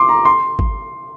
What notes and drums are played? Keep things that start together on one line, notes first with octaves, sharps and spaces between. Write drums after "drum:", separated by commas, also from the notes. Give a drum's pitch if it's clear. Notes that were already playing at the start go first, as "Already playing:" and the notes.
Already playing: C6 D6
A#5
C6
drum: kick